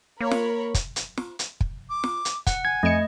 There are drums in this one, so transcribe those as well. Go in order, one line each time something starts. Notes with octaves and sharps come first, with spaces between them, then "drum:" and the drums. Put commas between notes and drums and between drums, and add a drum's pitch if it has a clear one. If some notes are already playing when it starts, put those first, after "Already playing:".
A#3 A#4 C#5 B5
drum: snare
drum: kick, hi-hat
drum: hi-hat
drum: snare
drum: hi-hat
drum: kick
D6
drum: snare
drum: hi-hat
F#5, drum: kick, hi-hat
G#5 G#6
F2 A3 D#5 C#7